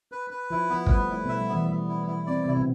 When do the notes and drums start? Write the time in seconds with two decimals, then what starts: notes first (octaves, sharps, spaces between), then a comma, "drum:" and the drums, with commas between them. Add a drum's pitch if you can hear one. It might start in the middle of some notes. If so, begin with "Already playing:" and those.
0.12 B4
0.30 B4
0.50 F3 E4
0.70 F3 B3
0.86 A3, drum: kick
0.90 G3 B4
1.09 A3 E4
1.24 B2 B3
1.29 E5
1.38 G3
1.49 E3 B3
1.68 G3 B3
1.89 E4
2.07 E4
2.27 C4 D5
2.45 C3 C4 E4
2.57 B2 B3